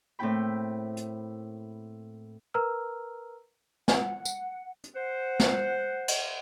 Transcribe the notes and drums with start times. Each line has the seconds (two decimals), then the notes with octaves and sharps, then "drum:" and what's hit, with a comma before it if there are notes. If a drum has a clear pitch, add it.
0.19 A2 A#3 C4 E4 G5 B5
0.97 drum: hi-hat
2.54 A#4 B4 A#5 E6 F6
3.88 F#5, drum: snare
4.25 drum: tambourine
4.84 drum: hi-hat
4.96 C5 F#5
5.40 drum: snare
6.08 drum: cymbal